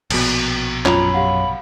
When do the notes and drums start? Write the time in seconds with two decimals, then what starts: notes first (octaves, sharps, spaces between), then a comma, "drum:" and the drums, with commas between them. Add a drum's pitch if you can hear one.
0.11 A#1 B2, drum: cymbal
0.86 F#2 C#4 F4 A#5 B5 F7, drum: clap
1.14 G4 F5 F#5